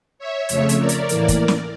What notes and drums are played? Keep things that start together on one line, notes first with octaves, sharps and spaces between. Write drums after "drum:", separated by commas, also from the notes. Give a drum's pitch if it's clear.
C#5 E5
F2 C#3 F3 A3 C#5 E5, drum: hi-hat
drum: hi-hat
A#4 D5
drum: hi-hat
A2 E3 A#3, drum: hi-hat
drum: kick, hi-hat
drum: snare